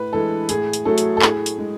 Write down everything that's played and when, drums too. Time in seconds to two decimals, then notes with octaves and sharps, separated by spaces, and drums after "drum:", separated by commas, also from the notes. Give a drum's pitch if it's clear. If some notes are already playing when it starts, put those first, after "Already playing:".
Already playing: A2 B4
0.13 E3 G#3 A4
0.49 A2 G#4, drum: hi-hat
0.73 drum: hi-hat
0.85 F#3 A3 A4
0.98 drum: hi-hat
1.17 A4
1.22 A2 G#4, drum: clap
1.46 drum: hi-hat
1.58 G#3